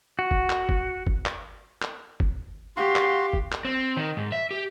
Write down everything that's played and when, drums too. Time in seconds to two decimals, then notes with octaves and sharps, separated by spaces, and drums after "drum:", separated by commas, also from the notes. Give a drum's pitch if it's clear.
0.19 F#4
0.31 drum: kick
0.50 drum: clap
0.69 drum: kick
1.07 drum: kick
1.26 drum: clap
1.82 drum: clap
2.20 drum: kick
2.77 F#4 G4 F5 C6
2.96 drum: clap
3.33 drum: kick
3.52 drum: clap
3.65 C4
3.97 D#3
4.17 G#2
4.32 E5
4.51 G4